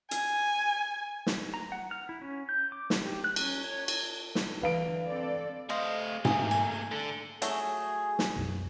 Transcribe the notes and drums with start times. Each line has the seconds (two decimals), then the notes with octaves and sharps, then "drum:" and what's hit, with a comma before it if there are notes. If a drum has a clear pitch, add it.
0.11 G#5, drum: hi-hat
1.27 drum: snare
1.54 A#5
1.72 F#5
1.91 F6
2.09 E4
2.22 C#4
2.49 G6
2.72 D6
2.90 drum: snare
3.00 G4
3.24 F#6
3.36 C#4, drum: cymbal
3.64 C#5
3.88 C#5, drum: cymbal
4.35 drum: snare
4.62 D3 E3 B4 F5 D7
5.06 C4 A4 D5
5.70 A3 C5 D#5 F5
6.25 A3 A#3 G#5 D#6, drum: tom G#2
6.51 G#5
6.91 D3
7.42 F#3 A3 G#4, drum: hi-hat
8.19 drum: snare
8.36 B1 F#2